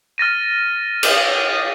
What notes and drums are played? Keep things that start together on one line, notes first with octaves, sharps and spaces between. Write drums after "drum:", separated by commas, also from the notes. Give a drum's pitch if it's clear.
F6 A6 A#6 D#7
drum: cymbal